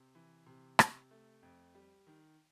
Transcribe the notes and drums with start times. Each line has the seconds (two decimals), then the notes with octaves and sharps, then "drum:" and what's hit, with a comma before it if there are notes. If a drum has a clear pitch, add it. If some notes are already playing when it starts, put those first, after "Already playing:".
Already playing: C3
0.15 E3
0.47 C3
0.79 C3, drum: rim click
1.11 A3
1.43 F2
1.75 G3
2.07 D#3